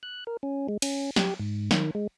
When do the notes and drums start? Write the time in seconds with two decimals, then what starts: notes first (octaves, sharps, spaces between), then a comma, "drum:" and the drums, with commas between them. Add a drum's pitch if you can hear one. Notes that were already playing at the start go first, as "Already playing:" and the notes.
0.03 F#6
0.27 A#4
0.43 C#4
0.69 G#3
0.82 C#4, drum: cymbal
1.16 G4, drum: snare
1.40 G#2
1.71 D#3, drum: snare
1.95 G#3